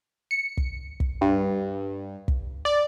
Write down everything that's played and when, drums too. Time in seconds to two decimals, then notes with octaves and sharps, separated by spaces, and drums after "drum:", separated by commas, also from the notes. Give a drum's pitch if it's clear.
0.31 C#7
0.57 drum: kick
1.00 drum: kick
1.21 G2
2.28 drum: kick
2.65 D5